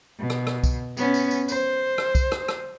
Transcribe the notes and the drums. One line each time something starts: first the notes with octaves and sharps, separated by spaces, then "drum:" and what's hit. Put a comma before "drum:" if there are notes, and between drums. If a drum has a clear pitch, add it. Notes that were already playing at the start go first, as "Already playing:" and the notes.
B2
drum: rim click
drum: rim click
drum: kick C2, tambourine
B3 C#4, drum: tambourine
drum: tambourine
drum: tambourine
C5, drum: tambourine
drum: rim click
drum: kick C2, tambourine
drum: rim click
drum: rim click